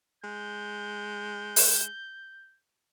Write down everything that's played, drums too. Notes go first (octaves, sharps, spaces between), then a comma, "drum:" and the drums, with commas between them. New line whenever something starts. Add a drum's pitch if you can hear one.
G#3 G6
drum: open hi-hat